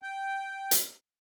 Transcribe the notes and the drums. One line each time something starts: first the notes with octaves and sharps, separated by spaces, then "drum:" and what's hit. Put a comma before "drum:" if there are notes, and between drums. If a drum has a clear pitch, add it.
G5
drum: hi-hat